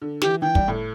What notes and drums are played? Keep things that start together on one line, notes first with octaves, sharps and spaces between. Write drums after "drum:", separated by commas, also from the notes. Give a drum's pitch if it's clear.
D3
E3 G4, drum: snare
E3 G5
G3, drum: kick
A2